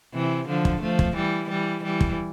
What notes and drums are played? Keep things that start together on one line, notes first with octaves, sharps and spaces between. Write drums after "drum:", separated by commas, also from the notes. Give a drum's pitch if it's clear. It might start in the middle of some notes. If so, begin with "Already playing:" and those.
C3 E3
D3 F3
drum: kick
F3 A3
drum: kick
E3 G3
E3 G3
E3 G3
drum: kick